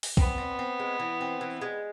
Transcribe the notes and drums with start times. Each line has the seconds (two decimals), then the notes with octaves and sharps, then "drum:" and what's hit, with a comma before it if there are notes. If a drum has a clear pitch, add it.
0.03 drum: open hi-hat
0.17 B3 C4, drum: kick B1
0.38 C4
0.59 C4
0.79 G#3
1.00 E3
1.21 C4
1.41 E3
1.62 G#3